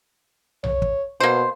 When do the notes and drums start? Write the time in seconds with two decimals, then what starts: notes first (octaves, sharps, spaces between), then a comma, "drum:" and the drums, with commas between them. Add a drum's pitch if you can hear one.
0.64 C#5, drum: tom B1
0.82 drum: kick
1.20 B2 A#3 C5